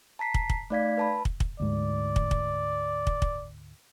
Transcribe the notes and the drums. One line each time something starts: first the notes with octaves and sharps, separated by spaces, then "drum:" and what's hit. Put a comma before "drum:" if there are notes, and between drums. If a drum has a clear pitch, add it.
A5 A#5 B6 C7
drum: kick
drum: kick
A3 D#4 D5 F5 G#6 B6
B4 A5 B5
drum: kick
drum: kick
D2 G#2 D5
drum: kick
drum: kick
drum: kick
drum: kick